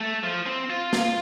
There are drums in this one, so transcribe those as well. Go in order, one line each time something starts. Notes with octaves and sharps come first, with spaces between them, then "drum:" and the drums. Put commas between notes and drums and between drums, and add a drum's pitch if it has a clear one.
A3
F3
C4
F4
drum: snare